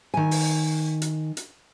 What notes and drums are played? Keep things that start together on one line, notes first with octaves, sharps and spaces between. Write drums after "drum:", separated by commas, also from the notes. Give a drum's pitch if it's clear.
D#3 G#5
drum: open hi-hat
drum: hi-hat
drum: hi-hat